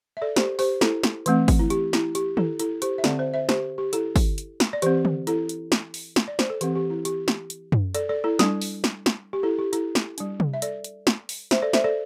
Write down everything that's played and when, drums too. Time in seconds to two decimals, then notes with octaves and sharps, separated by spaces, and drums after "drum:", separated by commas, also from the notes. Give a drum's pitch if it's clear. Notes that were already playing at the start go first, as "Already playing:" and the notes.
0.17 E5
0.22 A4 D5
0.36 G4 C5, drum: snare
0.59 G4 C5, drum: open hi-hat
0.81 E4 A4, drum: snare
1.03 drum: snare
1.26 E3 A3 C4, drum: hi-hat
1.48 drum: kick, open hi-hat
1.59 E4
1.70 G4, drum: hi-hat
1.93 E4, drum: snare
2.15 G4, drum: hi-hat
2.37 E4 A4, drum: tom D#3
2.59 E4 A4, drum: hi-hat
2.82 G4 C5, drum: hi-hat
2.98 E5
3.04 D3 C4 A4 D5, drum: snare
3.19 C5 E5
3.34 C5 E5
3.49 G4 C5, drum: snare
3.78 G4
3.93 E4 A4, drum: hi-hat
4.16 drum: kick, open hi-hat
4.38 drum: hi-hat
4.60 drum: snare
4.73 D5
4.82 E3 C4 G4 C5, drum: hi-hat
5.05 drum: tom D3
5.27 E4 A4, drum: hi-hat
5.49 drum: hi-hat
5.72 drum: snare
5.94 drum: open hi-hat
6.16 drum: snare
6.28 D5
6.39 C5, drum: snare
6.50 A4
6.61 E3 C4 G4, drum: hi-hat
6.75 G4
6.90 E4
7.05 G4, drum: hi-hat
7.28 drum: snare
7.50 drum: hi-hat
7.72 drum: tom F#2
7.95 A4 D5, drum: hi-hat
8.09 A4 D5
8.24 E4 A4
8.39 G3 D4, drum: snare
8.61 drum: open hi-hat
8.84 drum: snare
9.06 drum: snare
9.33 G4
9.43 E4 A4
9.59 G4
9.73 E4 A4, drum: hi-hat
9.95 drum: snare
10.18 G3 D4, drum: hi-hat
10.40 drum: tom C3
10.54 E5
10.62 A4 D5, drum: hi-hat
10.84 drum: hi-hat
11.07 drum: snare
11.29 drum: open hi-hat
11.51 C5 E5, drum: snare
11.62 A4 D5
11.73 C5 E5, drum: snare
11.84 A4 D5